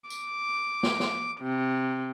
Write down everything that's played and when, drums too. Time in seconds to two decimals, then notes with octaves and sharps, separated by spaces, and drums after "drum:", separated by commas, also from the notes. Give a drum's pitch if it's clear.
0.10 D6, drum: tambourine
0.83 drum: snare
1.00 drum: snare
1.43 C3